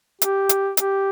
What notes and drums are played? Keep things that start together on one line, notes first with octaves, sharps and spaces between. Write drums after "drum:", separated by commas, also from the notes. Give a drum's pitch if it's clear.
G4, drum: hi-hat
drum: hi-hat
G4, drum: hi-hat